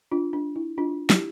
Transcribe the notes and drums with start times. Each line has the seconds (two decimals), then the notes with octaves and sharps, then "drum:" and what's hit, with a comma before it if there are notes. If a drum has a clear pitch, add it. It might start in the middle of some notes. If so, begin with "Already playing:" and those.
0.11 D4 F4
0.33 D4
0.56 E4
0.78 D4 F4
1.10 E4 G4, drum: snare